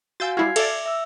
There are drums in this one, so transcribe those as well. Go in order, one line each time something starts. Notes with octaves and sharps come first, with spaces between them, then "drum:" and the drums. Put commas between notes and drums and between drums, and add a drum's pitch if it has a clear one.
F#4 F5 G#5 E6 G6 A6
G3 E4 F#4 F6 G#6 C7
A4 D5 E5 D6, drum: cymbal
E5 E6